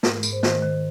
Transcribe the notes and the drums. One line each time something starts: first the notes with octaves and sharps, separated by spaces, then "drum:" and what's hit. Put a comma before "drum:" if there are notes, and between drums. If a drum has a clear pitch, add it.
G#2 A#4, drum: snare
G#2, drum: tambourine
C5
D#3 C5, drum: snare
D#3 C5